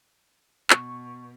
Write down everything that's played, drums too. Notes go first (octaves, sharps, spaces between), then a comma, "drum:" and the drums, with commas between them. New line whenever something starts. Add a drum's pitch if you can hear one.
B2 C#6, drum: clap